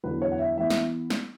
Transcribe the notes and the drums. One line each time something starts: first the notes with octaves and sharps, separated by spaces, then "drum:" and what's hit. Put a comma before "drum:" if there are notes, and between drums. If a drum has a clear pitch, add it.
E2 D3 F#3 B4
C#5
F#5
E5
E3 B3 E5
drum: snare
drum: snare